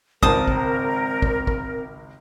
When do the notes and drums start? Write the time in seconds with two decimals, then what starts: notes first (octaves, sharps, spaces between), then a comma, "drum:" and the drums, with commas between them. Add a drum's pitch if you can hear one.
0.23 G#1 C#2 C4 A#4 A5 D#6, drum: kick
0.48 drum: kick
1.22 drum: kick
1.47 drum: kick